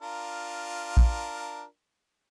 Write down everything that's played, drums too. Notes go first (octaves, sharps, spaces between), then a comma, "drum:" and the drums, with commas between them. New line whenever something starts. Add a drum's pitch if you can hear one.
D4 F4 A#4
drum: kick A#1